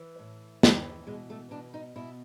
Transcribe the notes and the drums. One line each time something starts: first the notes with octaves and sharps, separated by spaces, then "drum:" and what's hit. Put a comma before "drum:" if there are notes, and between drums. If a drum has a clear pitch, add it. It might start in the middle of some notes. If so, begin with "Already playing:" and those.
Already playing: E3
A2
E3 G3, drum: snare
B2 G#3
A3
B2 D4
D#4
B2 E4